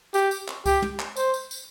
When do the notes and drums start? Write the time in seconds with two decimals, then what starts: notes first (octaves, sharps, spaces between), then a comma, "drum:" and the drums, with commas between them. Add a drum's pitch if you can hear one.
0.14 G4, drum: tambourine
0.31 drum: tambourine
0.48 drum: clap
0.66 G4, drum: kick C2, tambourine
0.82 drum: tom
1.00 drum: clap
1.16 C5, drum: tambourine
1.34 drum: tambourine
1.51 drum: tambourine